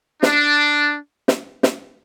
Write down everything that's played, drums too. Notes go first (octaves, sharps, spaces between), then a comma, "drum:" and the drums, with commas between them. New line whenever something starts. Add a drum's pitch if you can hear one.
D4, drum: snare
drum: snare
drum: snare